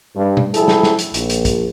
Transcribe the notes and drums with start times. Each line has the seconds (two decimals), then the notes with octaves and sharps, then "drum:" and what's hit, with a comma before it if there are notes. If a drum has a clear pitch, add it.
0.15 G2
0.37 drum: tom B2
0.54 F3 G3 E4 G#4 A4, drum: hi-hat
0.68 drum: snare
0.83 drum: snare
0.99 drum: hi-hat
1.14 A#1, drum: hi-hat
1.30 drum: hi-hat
1.45 drum: kick, hi-hat